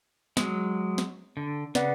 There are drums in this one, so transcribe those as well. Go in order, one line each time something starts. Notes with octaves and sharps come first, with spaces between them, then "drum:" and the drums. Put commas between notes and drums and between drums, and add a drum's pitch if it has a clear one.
F#3 G#3, drum: snare
drum: snare
D3
C#3 B4 D5 F#5, drum: snare